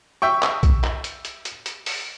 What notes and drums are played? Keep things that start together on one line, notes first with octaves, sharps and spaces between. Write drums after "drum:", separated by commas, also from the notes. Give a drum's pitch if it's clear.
E5 G5 C#6
drum: clap
drum: kick A#1, hi-hat
drum: clap
drum: hi-hat
drum: hi-hat
drum: hi-hat
drum: hi-hat
drum: open hi-hat